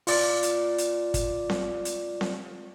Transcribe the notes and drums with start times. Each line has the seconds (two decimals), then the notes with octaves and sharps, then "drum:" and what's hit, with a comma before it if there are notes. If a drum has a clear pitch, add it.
0.07 F4 D5 D6, drum: open hi-hat
0.43 drum: hi-hat
0.78 drum: hi-hat
1.14 drum: kick, hi-hat
1.50 drum: snare C4
1.85 drum: hi-hat
2.21 drum: snare C4